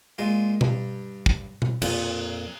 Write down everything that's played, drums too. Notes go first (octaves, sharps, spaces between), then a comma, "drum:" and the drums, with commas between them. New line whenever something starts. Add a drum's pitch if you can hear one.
A#2 G#3 F4
G2, drum: tom B2
drum: kick
drum: tom B2
F2 A#2 F4, drum: cymbal